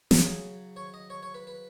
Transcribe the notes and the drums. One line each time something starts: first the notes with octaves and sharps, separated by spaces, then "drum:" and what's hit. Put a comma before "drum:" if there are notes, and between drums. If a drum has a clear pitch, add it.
C#3 F#3 G#4, drum: snare
C#5
D#5
C#5
C#5
B4
B4